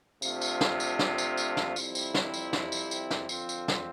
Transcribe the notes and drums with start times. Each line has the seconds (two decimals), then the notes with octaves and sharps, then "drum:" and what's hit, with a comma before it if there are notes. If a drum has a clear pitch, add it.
0.22 C3 F3 A3 D4 F4, drum: tambourine
0.41 drum: tambourine
0.61 drum: snare
0.80 drum: tambourine
0.99 drum: snare
1.18 drum: tambourine
1.37 drum: tambourine
1.57 drum: snare
1.76 F2 C3 G3 C4 E4, drum: tambourine
1.95 drum: tambourine
2.14 drum: snare
2.34 drum: tambourine
2.53 drum: snare
2.72 drum: tambourine
2.91 drum: tambourine
3.10 drum: snare
3.29 F2 D3 F3 C4 F4, drum: tambourine
3.49 drum: tambourine
3.68 drum: snare